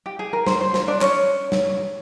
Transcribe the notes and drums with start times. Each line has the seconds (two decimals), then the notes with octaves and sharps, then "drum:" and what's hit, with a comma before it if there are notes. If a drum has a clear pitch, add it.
0.06 G4
0.19 G#4
0.33 A#4
0.47 C5, drum: snare
0.61 C5
0.74 C5, drum: snare
0.88 D4 D5
1.01 C#4 C#5, drum: clap
1.52 drum: snare